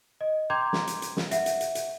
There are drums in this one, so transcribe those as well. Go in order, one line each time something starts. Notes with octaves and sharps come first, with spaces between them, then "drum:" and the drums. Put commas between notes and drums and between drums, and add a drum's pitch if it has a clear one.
D#5
G5 A#5 C6 D6 G6 G#6
drum: snare
drum: hi-hat
drum: hi-hat
drum: snare
E5 F#5, drum: hi-hat
drum: hi-hat
drum: hi-hat
drum: hi-hat